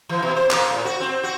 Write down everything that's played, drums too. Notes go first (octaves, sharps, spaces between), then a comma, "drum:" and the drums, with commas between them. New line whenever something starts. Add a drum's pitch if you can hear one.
E3
B2
C5
A#3, drum: clap
A2
F#4
C4
F#4